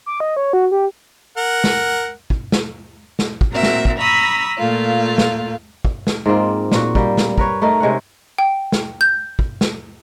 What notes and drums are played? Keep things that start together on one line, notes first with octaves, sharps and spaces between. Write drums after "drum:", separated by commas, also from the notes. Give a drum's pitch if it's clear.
D6
D#5
C#5
F#4
G4
A#4 F#5
drum: snare
drum: kick
drum: snare
drum: snare
drum: kick
A#2 A#3 C4 F#4 A#4 E5
drum: snare
drum: kick
A#5 B5 C#6 D#6 E6 A#6
A#2 A3 A#3 F4
drum: snare
drum: kick
drum: snare
G#2 A#3 C4 F4
A#2 F#4, drum: snare
G3 A#3, drum: kick
drum: snare
A#4 B4 C#5, drum: kick
A3 D#4 A#4
C3 G#3 C#4 F#5
G5
drum: snare
G6
drum: kick
drum: snare